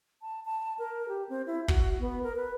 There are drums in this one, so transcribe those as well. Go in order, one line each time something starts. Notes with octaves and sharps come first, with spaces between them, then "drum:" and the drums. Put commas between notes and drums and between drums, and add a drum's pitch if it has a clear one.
A5
A5
A#4
G4
C4
E4
F#4, drum: kick
B3
A#4
B4